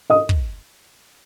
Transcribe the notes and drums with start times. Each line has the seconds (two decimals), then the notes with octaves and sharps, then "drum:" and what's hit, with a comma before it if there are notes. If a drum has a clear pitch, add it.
0.10 D#5 D#6
0.29 drum: kick